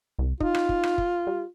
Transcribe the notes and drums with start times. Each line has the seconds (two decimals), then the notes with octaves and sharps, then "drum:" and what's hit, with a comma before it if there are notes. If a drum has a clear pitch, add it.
0.19 C2
0.40 D#4 F4, drum: kick
0.54 drum: rim click
0.69 drum: kick
0.83 drum: rim click
0.98 drum: kick
1.27 G3